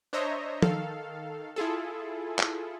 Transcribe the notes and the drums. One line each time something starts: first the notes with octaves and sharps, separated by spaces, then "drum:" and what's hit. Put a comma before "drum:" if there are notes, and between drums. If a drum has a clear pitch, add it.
D4 C5 C#5 D#5 E5 A#5
D#3 A4 F5, drum: tom
E4 F4 G#4 A4
drum: clap